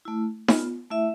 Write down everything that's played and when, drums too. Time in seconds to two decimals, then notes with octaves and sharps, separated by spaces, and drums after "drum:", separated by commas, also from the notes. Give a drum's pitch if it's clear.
0.05 A3 E4
0.48 B3 F4, drum: snare D#4
0.91 A3 E4 E5